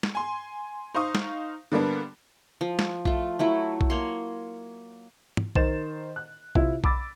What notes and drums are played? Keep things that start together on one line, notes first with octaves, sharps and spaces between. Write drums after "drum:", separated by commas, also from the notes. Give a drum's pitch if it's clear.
drum: snare
G#5 C6
D#4 C5 F5 C#6 D#6
drum: snare
D3 G3 A#3 B3 D4
F3
drum: snare
A3 F4, drum: kick B1
F#3 A3 E4
drum: kick B1
A#3 C#5 C6
drum: tom
D#3 A#4 C5 A6 E7, drum: kick B1
F#6
C3 C4 E4 F4, drum: kick B1
B5 D6 E6 A6, drum: kick B1